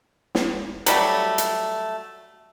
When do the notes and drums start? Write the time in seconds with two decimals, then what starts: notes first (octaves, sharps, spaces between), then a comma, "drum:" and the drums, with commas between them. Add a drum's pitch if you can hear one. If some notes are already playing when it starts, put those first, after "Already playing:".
0.35 drum: snare
0.86 F#3 G3 A3, drum: hi-hat
1.38 drum: hi-hat